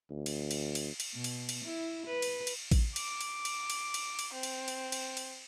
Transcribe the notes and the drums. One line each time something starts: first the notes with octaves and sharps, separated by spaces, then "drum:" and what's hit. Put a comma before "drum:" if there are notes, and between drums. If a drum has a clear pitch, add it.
D2
drum: cymbal
drum: cymbal
drum: cymbal
drum: cymbal
B2
drum: cymbal
drum: cymbal
E4
B4
drum: cymbal
drum: cymbal
drum: kick A1, cymbal
D6, drum: cymbal
drum: cymbal
drum: cymbal
drum: cymbal
drum: cymbal
drum: cymbal
C4
drum: cymbal
drum: cymbal
drum: cymbal
drum: cymbal